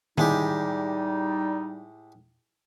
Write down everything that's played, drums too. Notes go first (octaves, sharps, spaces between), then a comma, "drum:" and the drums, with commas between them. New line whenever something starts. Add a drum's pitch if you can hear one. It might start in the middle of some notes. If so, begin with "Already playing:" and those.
A2 G3 G#3 D#4 G4, drum: tom D#3